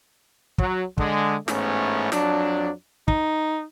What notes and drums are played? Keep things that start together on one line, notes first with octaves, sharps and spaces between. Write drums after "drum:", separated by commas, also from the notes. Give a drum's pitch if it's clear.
F#3 F#4, drum: kick
D3 G#3, drum: kick
A1 G#2 A3 B3 C#4, drum: snare
F2 F#3 D4, drum: snare
D#4, drum: kick